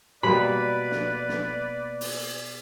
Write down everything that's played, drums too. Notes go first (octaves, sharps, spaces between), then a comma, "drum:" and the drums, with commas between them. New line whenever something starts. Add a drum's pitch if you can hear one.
B2 G3 A#3 B4 D5 B5
drum: snare
drum: snare
drum: open hi-hat